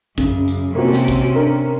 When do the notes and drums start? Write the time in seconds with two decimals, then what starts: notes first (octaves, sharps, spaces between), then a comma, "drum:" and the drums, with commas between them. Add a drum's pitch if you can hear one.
0.18 F#2 C#3, drum: kick, hi-hat
0.48 drum: hi-hat
0.75 C3 A#3 C4 C#4 F#4
0.93 drum: snare
1.08 drum: kick, hi-hat
1.35 D4 A#4